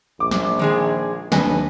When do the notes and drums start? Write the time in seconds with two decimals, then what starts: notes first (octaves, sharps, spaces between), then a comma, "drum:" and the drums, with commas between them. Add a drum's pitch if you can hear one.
0.20 A#1 D6
0.31 drum: snare
0.59 D#3 G#3 G#4
1.32 F1 D#2 D4 B4 D#5 G#5, drum: snare